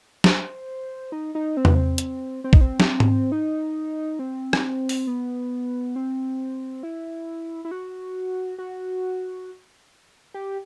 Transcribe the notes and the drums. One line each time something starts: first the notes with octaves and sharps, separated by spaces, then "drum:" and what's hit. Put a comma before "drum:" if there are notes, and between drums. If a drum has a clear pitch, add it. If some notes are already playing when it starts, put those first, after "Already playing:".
C5, drum: snare
D#4
D#4
C4
B3, drum: tom E2
C4
drum: hi-hat
C4
D#4, drum: kick A#1
C4
drum: snare
drum: tom G#2
D#4
C4
drum: rim click
drum: open hi-hat
B3
C4
E4
E4
F#4
F#4
G4